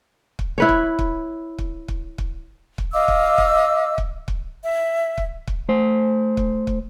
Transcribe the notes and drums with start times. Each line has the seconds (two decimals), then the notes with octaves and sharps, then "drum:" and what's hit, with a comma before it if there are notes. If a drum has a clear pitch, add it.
0.39 drum: kick
0.58 E4 B4 C#5
0.69 drum: kick
0.99 drum: kick
1.58 drum: kick
1.88 drum: kick
2.18 drum: kick
2.78 drum: kick
2.93 D#5 F5 D6 E6
3.08 drum: kick
3.38 drum: kick
3.98 drum: kick
4.28 drum: kick
4.61 E5
5.18 drum: kick
5.47 drum: kick
5.69 A3 C5
6.37 drum: kick
6.67 drum: kick